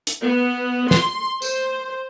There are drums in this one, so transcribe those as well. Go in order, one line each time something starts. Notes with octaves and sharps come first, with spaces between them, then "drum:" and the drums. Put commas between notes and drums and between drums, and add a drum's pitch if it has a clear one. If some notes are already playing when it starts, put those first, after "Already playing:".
drum: hi-hat
B3
C6, drum: snare
C5, drum: tambourine